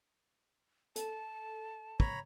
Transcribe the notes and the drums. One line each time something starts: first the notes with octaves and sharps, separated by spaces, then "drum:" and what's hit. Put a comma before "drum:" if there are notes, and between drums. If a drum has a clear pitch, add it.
A4 A5, drum: hi-hat
C#5 A#5 B5, drum: kick